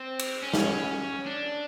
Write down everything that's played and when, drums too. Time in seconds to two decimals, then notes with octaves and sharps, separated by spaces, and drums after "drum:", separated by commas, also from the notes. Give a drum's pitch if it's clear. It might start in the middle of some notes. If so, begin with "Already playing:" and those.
Already playing: C4
0.19 drum: cymbal
0.42 C#4
0.54 drum: snare
1.26 D4